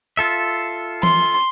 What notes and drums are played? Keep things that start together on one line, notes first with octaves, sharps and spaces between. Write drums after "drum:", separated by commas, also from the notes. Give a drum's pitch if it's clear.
F4 A4 E5
C6, drum: tom